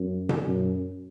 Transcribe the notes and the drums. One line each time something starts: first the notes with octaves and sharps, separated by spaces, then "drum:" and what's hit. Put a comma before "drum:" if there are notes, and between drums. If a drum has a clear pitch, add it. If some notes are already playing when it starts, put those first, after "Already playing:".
Already playing: F#2
drum: tom B2
F#2